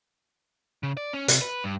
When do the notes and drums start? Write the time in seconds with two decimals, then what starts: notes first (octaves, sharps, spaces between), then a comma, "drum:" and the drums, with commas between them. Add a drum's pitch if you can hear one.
0.83 C#3
0.97 D5
1.13 C#4
1.28 C3, drum: hi-hat
1.41 B4
1.64 G2